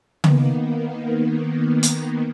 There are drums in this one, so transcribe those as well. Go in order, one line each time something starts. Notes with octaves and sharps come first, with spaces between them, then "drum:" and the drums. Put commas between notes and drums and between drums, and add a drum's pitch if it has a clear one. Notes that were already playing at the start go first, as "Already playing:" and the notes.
D#3 A#3 B3, drum: tom C#3
drum: hi-hat